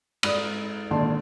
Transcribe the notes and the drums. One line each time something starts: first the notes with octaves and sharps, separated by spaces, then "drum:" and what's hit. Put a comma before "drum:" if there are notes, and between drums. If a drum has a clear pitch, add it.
G#2 D5 B5 D#6, drum: cymbal
G#1 A#2 D3 D4 A5 C6